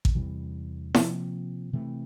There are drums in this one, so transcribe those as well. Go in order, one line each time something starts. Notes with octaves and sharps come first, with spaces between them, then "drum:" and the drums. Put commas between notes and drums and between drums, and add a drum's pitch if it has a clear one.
drum: kick A1
E2 C3 E3 G3
C3 F3 A#3, drum: snare E4
C3 E3 A3